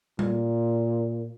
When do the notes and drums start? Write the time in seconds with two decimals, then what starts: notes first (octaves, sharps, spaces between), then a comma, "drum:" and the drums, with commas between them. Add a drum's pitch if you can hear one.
0.19 A#2, drum: tom G3